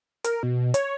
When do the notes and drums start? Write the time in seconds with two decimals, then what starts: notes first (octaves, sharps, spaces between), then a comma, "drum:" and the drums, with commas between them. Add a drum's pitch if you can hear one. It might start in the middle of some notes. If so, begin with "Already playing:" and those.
0.24 A#4, drum: hi-hat
0.43 B2
0.74 C#5, drum: hi-hat